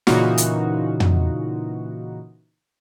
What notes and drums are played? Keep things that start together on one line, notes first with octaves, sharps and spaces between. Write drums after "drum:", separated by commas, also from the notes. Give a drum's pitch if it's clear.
A#2 C#3 E3 D#4 F4 F#4, drum: snare
drum: hi-hat
drum: tom